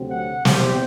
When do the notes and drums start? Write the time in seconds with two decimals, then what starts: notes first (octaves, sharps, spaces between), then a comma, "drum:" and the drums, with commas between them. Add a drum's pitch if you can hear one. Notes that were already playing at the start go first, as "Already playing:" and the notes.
Already playing: D2 C3 F#3 C4
0.10 F#5
0.45 E2 C3 G3 C4 G4, drum: snare